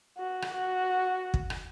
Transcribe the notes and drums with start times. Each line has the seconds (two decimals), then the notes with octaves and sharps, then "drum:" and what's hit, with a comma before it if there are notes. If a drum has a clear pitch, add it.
0.18 F#4
0.42 drum: rim click
0.54 F#4
1.34 drum: kick
1.50 drum: rim click